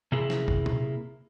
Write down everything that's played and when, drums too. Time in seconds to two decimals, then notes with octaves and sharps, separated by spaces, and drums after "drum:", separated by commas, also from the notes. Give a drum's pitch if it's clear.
0.12 C3 A#3 E4 G#4
0.30 drum: snare
0.48 drum: kick
0.66 drum: tom A#2